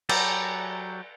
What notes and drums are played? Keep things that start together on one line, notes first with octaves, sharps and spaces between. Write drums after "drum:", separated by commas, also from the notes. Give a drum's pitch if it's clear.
F#3 G4 A4 G#5 A#5 B5, drum: cymbal